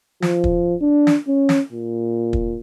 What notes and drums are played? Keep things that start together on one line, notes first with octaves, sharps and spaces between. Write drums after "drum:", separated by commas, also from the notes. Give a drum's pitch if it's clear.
F3, drum: snare
drum: kick
D4
drum: snare
C#4
drum: snare
A#2
drum: kick